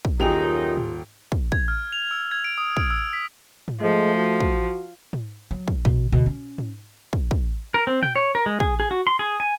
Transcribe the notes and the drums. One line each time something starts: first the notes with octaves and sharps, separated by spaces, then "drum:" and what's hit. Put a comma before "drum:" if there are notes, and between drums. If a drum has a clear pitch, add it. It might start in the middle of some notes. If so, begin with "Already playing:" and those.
drum: kick
D#1 F#2 D#4 F4 G4 G#4 G5 F7
drum: tom G#2
drum: kick
G#6, drum: kick
F6
F7
E6
G#6
D7
D#6
D7, drum: kick
E6
B6
drum: tom G#2
F3 G#3 A3
F#4
drum: kick
drum: tom
F#3
drum: kick
B2, drum: kick
D2 B2
C#4
drum: tom G#2
drum: kick
drum: kick
A#4
C4
G5, drum: tom A#2
C#5
A#4
G#3
G#4, drum: kick
G#4
F#4
C6
G#4
G#5